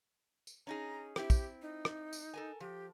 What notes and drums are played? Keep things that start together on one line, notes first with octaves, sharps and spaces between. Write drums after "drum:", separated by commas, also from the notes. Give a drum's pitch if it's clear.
drum: tambourine
C#4 D#4 G#4 A#5
C4 E4 G4, drum: rim click
drum: kick, tambourine
D#4
drum: rim click
drum: tambourine
A4 A#4 G#5
F3 G4